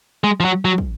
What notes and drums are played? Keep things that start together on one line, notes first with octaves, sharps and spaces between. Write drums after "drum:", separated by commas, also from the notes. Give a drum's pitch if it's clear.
G#3
F3
F#3
F#3
drum: kick